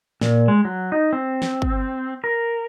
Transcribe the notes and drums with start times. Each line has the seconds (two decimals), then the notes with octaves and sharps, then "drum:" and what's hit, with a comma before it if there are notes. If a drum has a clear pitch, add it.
0.21 A#2, drum: snare
0.48 G#3
0.65 F#3
0.92 D#4
1.13 C4
1.42 drum: snare
1.62 drum: kick
2.24 A#4